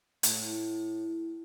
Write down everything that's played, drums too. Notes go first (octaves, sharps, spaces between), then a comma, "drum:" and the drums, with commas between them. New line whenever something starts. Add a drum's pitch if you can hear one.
A2, drum: hi-hat